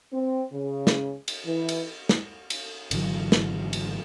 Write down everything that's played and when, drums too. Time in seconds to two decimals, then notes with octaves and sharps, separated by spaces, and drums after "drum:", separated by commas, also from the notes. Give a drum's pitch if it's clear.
0.12 C4
0.52 C#3
0.87 drum: snare
1.28 drum: cymbal
1.45 E3
1.69 drum: cymbal
2.09 drum: snare
2.50 drum: cymbal
2.91 G#1 D3 E3 F#3, drum: cymbal
3.32 drum: snare
3.73 drum: cymbal